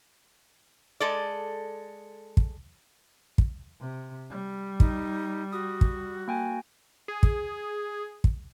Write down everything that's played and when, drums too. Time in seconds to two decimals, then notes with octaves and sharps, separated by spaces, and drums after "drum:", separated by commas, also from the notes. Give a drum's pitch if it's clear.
1.00 G#3 A4 D5
2.37 drum: kick
3.38 drum: kick
3.80 C3
4.30 G3
4.80 D#4, drum: kick
5.53 F#4 D#6
5.81 drum: kick
6.28 A#3 G5 G#5
7.08 G#4
7.23 drum: kick
8.24 drum: kick